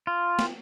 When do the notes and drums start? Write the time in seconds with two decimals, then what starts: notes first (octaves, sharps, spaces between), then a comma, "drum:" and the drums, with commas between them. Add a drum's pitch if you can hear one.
0.07 F4
0.39 drum: snare